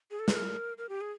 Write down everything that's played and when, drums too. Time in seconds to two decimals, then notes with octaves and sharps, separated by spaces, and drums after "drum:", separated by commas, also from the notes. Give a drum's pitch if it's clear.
0.11 G#4
0.19 A4
0.28 B4, drum: snare
0.35 A#4
0.78 A#4
0.89 G4
1.01 G#4